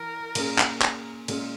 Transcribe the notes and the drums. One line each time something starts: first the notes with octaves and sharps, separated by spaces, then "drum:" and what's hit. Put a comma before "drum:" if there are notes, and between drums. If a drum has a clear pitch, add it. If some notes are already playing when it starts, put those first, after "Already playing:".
Already playing: E3 A#4
A#2 A#3 C#4 G#4, drum: cymbal
drum: clap
drum: clap
A#2 G#3 C#4 G#4, drum: cymbal